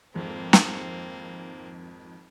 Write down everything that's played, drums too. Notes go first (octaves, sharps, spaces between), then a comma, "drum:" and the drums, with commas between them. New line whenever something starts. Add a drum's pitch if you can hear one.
G#1 F2 G#2 A#3 C4
drum: snare